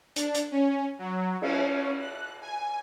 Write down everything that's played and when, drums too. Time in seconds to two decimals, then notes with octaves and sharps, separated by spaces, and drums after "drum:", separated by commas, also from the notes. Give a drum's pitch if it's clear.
0.16 D4, drum: hi-hat
0.34 drum: hi-hat
0.51 C#4
0.99 F#3
1.42 C#4, drum: cymbal
1.99 F#6
2.41 G#5